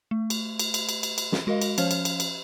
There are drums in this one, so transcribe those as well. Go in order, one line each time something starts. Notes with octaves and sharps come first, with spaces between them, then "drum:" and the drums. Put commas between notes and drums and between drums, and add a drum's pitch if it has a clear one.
A3
drum: cymbal
drum: cymbal
drum: cymbal
drum: cymbal
drum: cymbal
drum: cymbal
drum: snare
G#3 F#4 A#4 D#5 F5
drum: cymbal
F3 C#4 C5 C#5 F5 F6, drum: cymbal
drum: cymbal
drum: cymbal
drum: cymbal